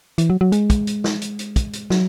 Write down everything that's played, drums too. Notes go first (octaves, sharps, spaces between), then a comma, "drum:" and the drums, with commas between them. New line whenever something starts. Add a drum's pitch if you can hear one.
E3, drum: hi-hat
F#3
F#3
G#3, drum: hi-hat
drum: kick, hi-hat
drum: hi-hat
drum: snare
drum: hi-hat
drum: hi-hat
drum: kick, hi-hat
drum: hi-hat
F#3, drum: snare